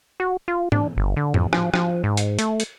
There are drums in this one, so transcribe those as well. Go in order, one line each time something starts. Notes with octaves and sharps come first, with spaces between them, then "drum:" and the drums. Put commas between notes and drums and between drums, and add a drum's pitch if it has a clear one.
F#4
F4
D4, drum: tom
G1
D3
F2, drum: tom
F3, drum: rim click
F3, drum: rim click
G#2
drum: hi-hat
A3, drum: hi-hat
drum: hi-hat